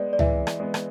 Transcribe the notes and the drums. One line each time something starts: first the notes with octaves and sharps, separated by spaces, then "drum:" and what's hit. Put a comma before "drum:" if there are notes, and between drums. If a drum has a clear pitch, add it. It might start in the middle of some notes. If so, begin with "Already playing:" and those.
Already playing: G#3 B3 D5
D5
E3 E5, drum: tom C#2
drum: rim click
G#3 B3
drum: rim click